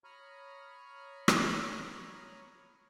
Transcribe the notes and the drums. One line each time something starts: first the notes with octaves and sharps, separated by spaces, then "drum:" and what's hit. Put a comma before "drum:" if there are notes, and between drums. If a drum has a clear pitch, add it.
C#5 A#5 B5 C#6 D#6 F6
drum: rim click